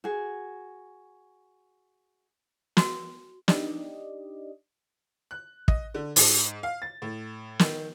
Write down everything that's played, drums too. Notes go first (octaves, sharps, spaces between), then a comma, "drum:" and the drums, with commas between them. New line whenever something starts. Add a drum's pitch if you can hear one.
F#4 G#4
F#4, drum: snare
D4 D#4 G4 D5 D#5, drum: snare
F#6
D#5, drum: kick
D3
G#2, drum: open hi-hat
F5
A6
A2
D#3, drum: snare